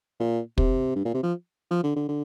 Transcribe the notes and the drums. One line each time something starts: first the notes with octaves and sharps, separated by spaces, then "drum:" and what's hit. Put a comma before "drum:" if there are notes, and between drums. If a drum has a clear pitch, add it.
A#2
C3, drum: kick
G2
A#2
C3
F3
F3
D3
D3
D3